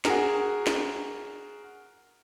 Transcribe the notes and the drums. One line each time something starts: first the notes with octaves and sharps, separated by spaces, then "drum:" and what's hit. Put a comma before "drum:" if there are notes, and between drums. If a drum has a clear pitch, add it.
F#4 G#4 A#4, drum: snare
drum: snare